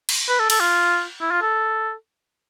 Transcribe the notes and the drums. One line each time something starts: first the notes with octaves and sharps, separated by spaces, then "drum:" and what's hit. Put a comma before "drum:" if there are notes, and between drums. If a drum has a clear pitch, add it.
drum: cymbal
B4
A4
A4, drum: cymbal
F4
E4
F4
A4